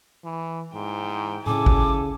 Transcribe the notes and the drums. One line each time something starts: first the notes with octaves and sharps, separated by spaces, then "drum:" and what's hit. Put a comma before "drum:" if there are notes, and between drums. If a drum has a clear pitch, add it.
E3
G#2 E4 G5
C#3 E4 A4 G#5 D6, drum: tom A2
drum: kick G#1